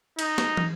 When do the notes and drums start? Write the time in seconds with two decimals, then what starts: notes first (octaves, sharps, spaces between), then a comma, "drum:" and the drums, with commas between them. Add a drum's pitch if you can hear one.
0.19 D#4, drum: cymbal
0.38 drum: snare
0.57 drum: tom